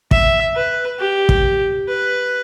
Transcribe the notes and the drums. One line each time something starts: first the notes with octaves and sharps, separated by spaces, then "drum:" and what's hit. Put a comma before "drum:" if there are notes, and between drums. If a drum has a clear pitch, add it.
E5, drum: kick
B4
G4
drum: kick
B4